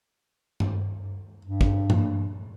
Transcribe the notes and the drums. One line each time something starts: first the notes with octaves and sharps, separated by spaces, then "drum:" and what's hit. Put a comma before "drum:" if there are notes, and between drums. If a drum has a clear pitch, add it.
drum: tom G2
G2
drum: kick
drum: tom G#2